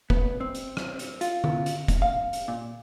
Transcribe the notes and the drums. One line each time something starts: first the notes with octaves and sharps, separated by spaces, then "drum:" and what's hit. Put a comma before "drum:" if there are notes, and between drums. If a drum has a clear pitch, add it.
B3, drum: kick
C4
drum: hi-hat
drum: rim click
drum: hi-hat
F4, drum: hi-hat
drum: tom D3
drum: hi-hat
drum: kick, hi-hat
F5
drum: hi-hat
A#2